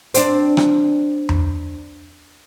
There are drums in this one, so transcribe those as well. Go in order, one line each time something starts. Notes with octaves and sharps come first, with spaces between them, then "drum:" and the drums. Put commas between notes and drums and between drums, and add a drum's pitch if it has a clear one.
C4 D4, drum: hi-hat
drum: rim click
drum: tom E2